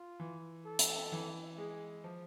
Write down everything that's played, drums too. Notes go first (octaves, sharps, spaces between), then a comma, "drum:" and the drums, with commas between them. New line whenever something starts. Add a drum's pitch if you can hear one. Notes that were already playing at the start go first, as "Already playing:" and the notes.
Already playing: F4
E3
A4
drum: hi-hat
E3
G#3 G#4
F3